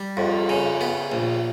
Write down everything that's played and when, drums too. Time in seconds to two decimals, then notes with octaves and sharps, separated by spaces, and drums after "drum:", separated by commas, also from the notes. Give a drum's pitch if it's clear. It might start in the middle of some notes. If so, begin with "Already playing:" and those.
Already playing: G3
0.17 F2, drum: cymbal
0.49 C#3
0.81 B3
1.12 A#1